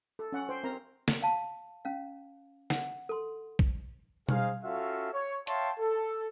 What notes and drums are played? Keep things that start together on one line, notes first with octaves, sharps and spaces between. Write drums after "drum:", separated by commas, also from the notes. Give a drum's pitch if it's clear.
A4
C#4 F#5
C5 G5
C4 A#4 A#5
drum: snare
F5 A5
C#4 F5
F#5, drum: snare
A4 C6
drum: kick
D#4 G#4 C5 F5, drum: tom B2
C#4 F4 F#4 A4 E5 F5
C#5
C#5 E5 F5 G5 A5 C6, drum: hi-hat
A4